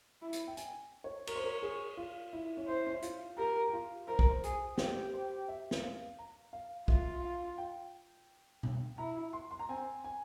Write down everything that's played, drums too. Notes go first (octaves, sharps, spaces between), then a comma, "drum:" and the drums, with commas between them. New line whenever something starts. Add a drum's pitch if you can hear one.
E4
drum: hi-hat
G5
G#5, drum: hi-hat
C#5
A#4 C#5, drum: cymbal
C5
A#4
G#4
F4
E4
C#4
E4 C5
C#4
E4
F4, drum: hi-hat
G4 A#4
G4
F4
A#4 C5
A#4, drum: kick
C5
G#4, drum: hi-hat
G4 C5, drum: snare
C5
E5
drum: snare
F5
A#5
F5
F4 E5, drum: kick
F5
G5
drum: tom B2
E4 A#5
C6
C6
A#5
C4 G#5
G#5